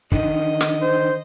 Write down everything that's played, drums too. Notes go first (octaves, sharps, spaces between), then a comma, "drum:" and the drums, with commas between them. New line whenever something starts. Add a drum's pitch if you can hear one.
D3 D#3 D#5, drum: kick
drum: snare
C5